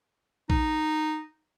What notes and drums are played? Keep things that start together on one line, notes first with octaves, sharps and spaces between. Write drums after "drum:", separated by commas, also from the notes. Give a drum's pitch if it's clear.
D#4, drum: kick A#1